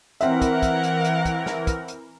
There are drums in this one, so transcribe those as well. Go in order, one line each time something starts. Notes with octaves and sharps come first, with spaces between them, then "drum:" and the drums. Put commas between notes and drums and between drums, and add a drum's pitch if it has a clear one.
E3 C4 A#4 E5 F#5, drum: hi-hat
drum: kick, hi-hat
drum: kick, hi-hat
drum: hi-hat
drum: hi-hat
drum: kick, hi-hat
drum: snare
drum: kick, hi-hat
drum: hi-hat